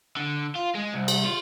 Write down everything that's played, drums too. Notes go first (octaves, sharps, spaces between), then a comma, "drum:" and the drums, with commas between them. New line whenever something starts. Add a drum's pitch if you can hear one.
D3
F4
G#3
C2
drum: cymbal
F4